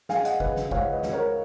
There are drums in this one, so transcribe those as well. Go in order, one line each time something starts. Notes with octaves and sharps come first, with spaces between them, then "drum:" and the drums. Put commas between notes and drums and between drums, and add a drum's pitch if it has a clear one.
G#3 F5 G#5, drum: snare
D#5 F#5, drum: hi-hat
C#3 B4 D#5, drum: kick G1
drum: snare
C#2 C#5 F5, drum: kick G1
B4 D#5
C#2, drum: snare
A#4 C#5